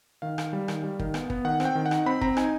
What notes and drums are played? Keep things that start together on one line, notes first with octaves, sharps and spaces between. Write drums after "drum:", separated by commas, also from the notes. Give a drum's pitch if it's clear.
D#3 F5
D#3, drum: rim click
G3
D#3, drum: rim click
G3
D#3, drum: kick
B3, drum: rim click
B3, drum: kick
D#3 F#5
C4, drum: rim click
G5
D#3
F#5
D#4, drum: rim click
C4 B5
C4 A#5, drum: kick
D#4 G#5, drum: rim click